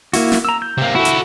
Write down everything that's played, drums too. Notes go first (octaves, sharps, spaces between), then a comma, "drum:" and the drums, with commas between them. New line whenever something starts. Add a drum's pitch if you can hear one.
A#3 E4 F#4, drum: open hi-hat
drum: snare
A#5 E6
G6
C3 A#3
E4 F#4 A4
drum: hi-hat